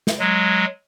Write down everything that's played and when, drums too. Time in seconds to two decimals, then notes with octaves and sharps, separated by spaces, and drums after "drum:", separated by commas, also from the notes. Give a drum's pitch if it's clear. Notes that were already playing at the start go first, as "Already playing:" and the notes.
0.07 drum: snare
0.19 F#3 G#3